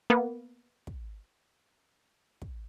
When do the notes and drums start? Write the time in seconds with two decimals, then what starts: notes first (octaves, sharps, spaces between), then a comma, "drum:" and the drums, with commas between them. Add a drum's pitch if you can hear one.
0.10 A#3 B3
0.87 drum: kick
2.42 drum: kick